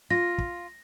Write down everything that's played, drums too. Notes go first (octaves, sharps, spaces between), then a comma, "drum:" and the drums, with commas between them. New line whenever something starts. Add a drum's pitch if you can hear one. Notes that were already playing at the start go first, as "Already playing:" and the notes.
F4 A#6
drum: kick